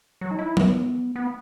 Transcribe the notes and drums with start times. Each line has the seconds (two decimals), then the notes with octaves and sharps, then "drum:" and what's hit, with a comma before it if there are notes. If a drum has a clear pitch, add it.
0.21 F#3
0.31 D#4
0.39 E4
0.57 B3, drum: tom F#3
1.16 B3